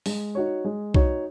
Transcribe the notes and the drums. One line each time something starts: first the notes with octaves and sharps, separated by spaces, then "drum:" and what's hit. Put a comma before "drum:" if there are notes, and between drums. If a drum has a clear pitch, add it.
G#3, drum: open hi-hat
D#4 F#4 C#5
G#3
D#4 F#4 C#5, drum: kick B1